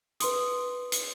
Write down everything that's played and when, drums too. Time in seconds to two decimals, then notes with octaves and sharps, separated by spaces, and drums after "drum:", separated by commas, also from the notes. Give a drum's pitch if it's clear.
0.20 B4 C6 D#6, drum: hi-hat
0.92 drum: hi-hat